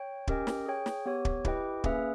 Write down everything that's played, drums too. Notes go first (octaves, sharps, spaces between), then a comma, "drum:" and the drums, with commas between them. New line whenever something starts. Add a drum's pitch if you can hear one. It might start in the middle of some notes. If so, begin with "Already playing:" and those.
Already playing: C#5 G5
C#4 G4 A#4 D#5 G5, drum: kick
drum: snare
G#4 C#5 G5
drum: snare
B3 G4 C#5
drum: kick
E4 G4 B4 D#5 G5, drum: kick
A#3 C#4 G#4 B4 E5, drum: kick